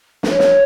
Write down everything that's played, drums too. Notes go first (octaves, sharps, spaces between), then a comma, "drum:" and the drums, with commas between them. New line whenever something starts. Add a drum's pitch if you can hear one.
B4, drum: snare
C#5
drum: snare